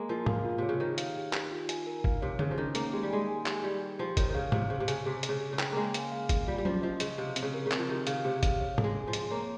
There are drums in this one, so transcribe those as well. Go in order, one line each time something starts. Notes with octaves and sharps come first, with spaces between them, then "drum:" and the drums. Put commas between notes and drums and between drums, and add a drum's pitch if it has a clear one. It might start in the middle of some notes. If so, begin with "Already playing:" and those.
Already playing: G#3 A#3
F3 A#4
F5, drum: tom G#2
F4
C3 C#5
C#3
D#3 G4
F5, drum: hi-hat
G4
G4, drum: clap
F4
G#5, drum: hi-hat
A#4
F5, drum: kick
C3 C#5
C#3 G#4, drum: tom D3
F3
D#3 C#4
A#3 G#4, drum: hi-hat
G#3 G4
G3
G#3 G#5
G#5
G4, drum: clap
G3 G4
G4
F3 G4
D#3 C#5, drum: kick, hi-hat
D#3
C#3 F5
C3 F5, drum: tom G#2
C#3 C5
C3
C#3 G#5, drum: hi-hat
C3 G#4
G#4, drum: hi-hat
C#3
G#4
C#3
G5, drum: clap
G#3 A#3 G#5
F5, drum: hi-hat
F5
G#4, drum: kick, hi-hat
G3 F4
G3
F3 C#4, drum: tom F#3
F3 D#5
C#3 D#5, drum: hi-hat
C3 F5
C4, drum: hi-hat
C#3
A#4
C#3
C4, drum: clap
F3
D#3 G4
C#3 F5, drum: hi-hat
C3 G4
F5, drum: kick, hi-hat
C#5
G#4, drum: tom G#2
G#3
G#4
F3
G#4, drum: hi-hat
A#3 C#5